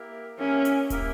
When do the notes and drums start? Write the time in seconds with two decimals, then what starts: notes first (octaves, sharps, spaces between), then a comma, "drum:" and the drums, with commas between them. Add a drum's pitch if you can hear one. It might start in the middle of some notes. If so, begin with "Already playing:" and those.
Already playing: A#3 E4 G4 A#4
0.39 A#3 C#4 E4 G4 A#4
0.65 drum: hi-hat
0.90 A#3 E4 G4 A#4, drum: kick D#1, hi-hat